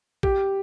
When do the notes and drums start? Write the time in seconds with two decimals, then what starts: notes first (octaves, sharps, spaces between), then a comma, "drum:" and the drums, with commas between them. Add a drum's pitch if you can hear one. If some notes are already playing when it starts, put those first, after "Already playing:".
0.23 G4, drum: kick A#1